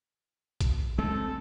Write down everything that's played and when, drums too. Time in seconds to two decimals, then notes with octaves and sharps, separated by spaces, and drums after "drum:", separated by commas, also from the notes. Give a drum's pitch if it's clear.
0.61 drum: kick, hi-hat
0.98 G#3 A3 C4 A4